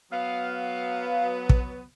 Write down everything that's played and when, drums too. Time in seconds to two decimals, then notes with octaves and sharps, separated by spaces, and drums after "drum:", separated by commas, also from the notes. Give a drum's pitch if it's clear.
0.12 F#3 B3 F5
1.49 drum: kick